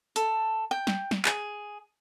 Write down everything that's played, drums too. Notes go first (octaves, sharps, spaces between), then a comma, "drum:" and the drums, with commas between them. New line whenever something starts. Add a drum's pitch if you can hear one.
A4, drum: hi-hat
G5
drum: snare
drum: snare
G#4, drum: clap